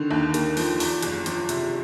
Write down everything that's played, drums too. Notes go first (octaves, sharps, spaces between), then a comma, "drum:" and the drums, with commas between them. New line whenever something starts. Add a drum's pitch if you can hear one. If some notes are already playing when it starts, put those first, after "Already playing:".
Already playing: D3 D#3
D#2
A#3, drum: hi-hat
F3, drum: open hi-hat
E2, drum: open hi-hat
F#1, drum: hi-hat
F3, drum: hi-hat
C3, drum: hi-hat